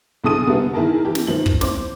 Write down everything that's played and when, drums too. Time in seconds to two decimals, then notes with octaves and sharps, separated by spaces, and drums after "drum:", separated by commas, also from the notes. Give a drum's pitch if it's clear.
0.24 B1 D3 G#4 A4 D#6 D#7
0.47 D3 G3 A#3 B3
0.73 D#3 E4 G#4 A#4 A5
1.05 E3 E4 G4
1.15 drum: snare
1.27 D#3 F3 F#7
1.46 drum: kick
1.61 C5 D6, drum: snare